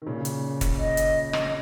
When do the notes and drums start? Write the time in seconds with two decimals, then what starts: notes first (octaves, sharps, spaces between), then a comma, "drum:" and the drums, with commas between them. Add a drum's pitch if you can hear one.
0.02 D#3
0.07 A#2 C#3
0.25 drum: hi-hat
0.61 drum: kick, hi-hat
0.79 D#5
0.97 drum: hi-hat
1.33 drum: rim click